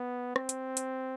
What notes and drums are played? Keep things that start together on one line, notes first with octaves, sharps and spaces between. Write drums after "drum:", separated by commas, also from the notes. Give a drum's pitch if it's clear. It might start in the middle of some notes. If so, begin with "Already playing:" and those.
Already playing: B3
C4, drum: rim click
drum: hi-hat
drum: hi-hat